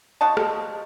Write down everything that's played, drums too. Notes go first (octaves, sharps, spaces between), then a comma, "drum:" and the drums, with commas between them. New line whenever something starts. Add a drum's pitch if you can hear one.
F3 F#4 D#5 A5
drum: rim click